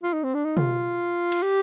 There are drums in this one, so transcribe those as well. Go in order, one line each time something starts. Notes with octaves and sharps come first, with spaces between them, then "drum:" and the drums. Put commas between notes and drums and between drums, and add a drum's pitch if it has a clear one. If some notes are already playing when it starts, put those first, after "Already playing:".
F4
D#4
C4
D4
D#4
F4, drum: tom
drum: cymbal
G4